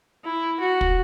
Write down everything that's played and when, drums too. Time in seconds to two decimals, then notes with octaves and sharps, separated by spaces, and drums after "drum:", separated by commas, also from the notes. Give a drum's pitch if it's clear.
0.25 E4
0.59 F#4
0.81 drum: kick